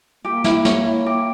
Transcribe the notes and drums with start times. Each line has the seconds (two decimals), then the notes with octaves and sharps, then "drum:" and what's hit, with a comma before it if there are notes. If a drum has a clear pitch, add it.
0.25 A#3 G4
0.44 E4, drum: snare
0.65 C#5, drum: snare
0.86 E4
1.06 G4